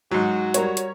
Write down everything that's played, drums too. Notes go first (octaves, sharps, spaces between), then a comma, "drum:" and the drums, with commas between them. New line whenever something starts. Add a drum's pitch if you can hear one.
G#2 F#3 F#4
G3 A#4 C#5, drum: hi-hat
drum: hi-hat